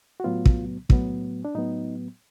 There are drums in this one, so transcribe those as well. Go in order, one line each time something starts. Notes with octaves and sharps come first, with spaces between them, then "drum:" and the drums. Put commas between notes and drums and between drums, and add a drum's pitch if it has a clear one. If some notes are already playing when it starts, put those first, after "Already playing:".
F#4
A2 F#3 B3 F4
drum: kick
A2 F#3 B3, drum: kick
D4
A2 F#3 B3 D#4